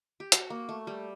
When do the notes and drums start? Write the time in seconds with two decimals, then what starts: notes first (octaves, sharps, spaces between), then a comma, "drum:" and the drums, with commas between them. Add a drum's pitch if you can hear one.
0.20 G4
0.32 F#4, drum: hi-hat
0.50 A#3
0.69 A3
0.87 G3